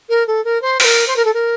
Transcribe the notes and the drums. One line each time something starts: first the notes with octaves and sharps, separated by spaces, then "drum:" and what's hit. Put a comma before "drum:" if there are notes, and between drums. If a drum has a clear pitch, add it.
A#4
A4
A#4
C5
C5, drum: open hi-hat
A#4
C5
A#4
A4
A#4